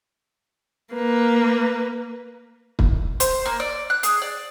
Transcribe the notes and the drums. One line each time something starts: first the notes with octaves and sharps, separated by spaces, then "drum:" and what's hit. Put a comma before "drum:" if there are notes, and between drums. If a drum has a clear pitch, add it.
A#3 B4
drum: kick
C5, drum: hi-hat
A#3
D5
F#6
G#4, drum: hi-hat
D5